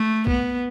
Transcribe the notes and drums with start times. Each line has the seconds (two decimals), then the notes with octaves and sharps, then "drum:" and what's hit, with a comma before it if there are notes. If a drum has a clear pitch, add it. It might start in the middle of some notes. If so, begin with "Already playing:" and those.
Already playing: A3
0.27 B3, drum: kick